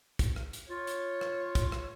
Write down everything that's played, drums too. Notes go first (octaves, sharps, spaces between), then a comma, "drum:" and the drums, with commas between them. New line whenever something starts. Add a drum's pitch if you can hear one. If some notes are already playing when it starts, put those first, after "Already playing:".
drum: kick, hi-hat
drum: rim click
drum: hi-hat
F4 C#5
drum: hi-hat
drum: rim click
drum: kick, hi-hat
drum: rim click